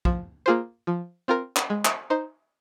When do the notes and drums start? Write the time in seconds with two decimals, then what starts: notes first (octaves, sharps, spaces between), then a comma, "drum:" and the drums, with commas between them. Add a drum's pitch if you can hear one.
0.05 F3, drum: kick
0.46 A#3 F4 G#4 C5
0.87 F3
1.28 C4 F4 A#4
1.57 drum: clap
1.70 G#3
1.85 drum: clap
2.10 D#4 C5